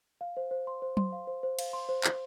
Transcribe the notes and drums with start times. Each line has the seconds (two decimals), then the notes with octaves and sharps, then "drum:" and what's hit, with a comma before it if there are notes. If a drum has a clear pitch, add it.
0.21 F5
0.37 C5
0.51 C5
0.67 C6
0.82 C5
0.97 C6, drum: tom F#3
1.12 F5
1.27 C5
1.43 C5
1.59 F5, drum: cymbal
1.73 C6
1.89 C5
2.04 C5, drum: clap